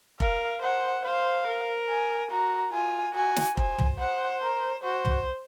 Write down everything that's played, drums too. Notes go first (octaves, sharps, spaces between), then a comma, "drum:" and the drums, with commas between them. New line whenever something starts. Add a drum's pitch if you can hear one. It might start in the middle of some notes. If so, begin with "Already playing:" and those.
A#4 F5, drum: kick F1
C5 F#5
C5 F5
A#4
G#5
F#4 A#5
F4 G#5
F#4 G#5
drum: snare
C5 G#5, drum: kick F1
drum: tom
C5 F#5
A#4
F#4 C5
drum: tom